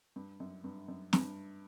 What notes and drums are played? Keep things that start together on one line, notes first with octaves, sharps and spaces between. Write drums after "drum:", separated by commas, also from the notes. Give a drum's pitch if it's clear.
G2
F#2
G2
F#2
G2, drum: snare